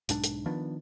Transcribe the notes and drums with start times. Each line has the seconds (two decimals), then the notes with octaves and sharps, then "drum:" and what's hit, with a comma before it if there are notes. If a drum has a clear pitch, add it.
0.09 B1 G#2 D4, drum: hi-hat
0.24 drum: hi-hat
0.46 D#3 F3 B3 D4